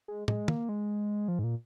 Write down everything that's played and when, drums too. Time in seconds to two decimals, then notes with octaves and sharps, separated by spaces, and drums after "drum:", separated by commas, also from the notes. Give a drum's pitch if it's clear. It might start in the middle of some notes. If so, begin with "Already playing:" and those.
0.08 G#3
0.28 G#3, drum: tom
0.48 A#3, drum: tom
0.69 G#3
1.28 F3
1.39 G#2
1.44 A#2